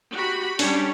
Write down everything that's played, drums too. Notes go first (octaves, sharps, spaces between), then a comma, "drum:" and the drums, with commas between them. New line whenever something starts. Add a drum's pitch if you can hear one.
F#4 G4 B5
G3 C#4 D4 C#5, drum: open hi-hat